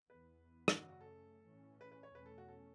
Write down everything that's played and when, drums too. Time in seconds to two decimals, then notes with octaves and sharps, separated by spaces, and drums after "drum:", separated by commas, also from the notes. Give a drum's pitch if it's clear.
0.09 E2 E3 B3 B4
0.68 drum: rim click
0.78 F#2 C#3 A3 C#4 F#4
0.89 F#4
1.01 A4
1.46 A2 E3 C#4
1.81 B4
1.92 B4
2.03 C#5
2.14 E2 B2 A3 C#4 B4
2.26 A4
2.38 F#4
2.48 A4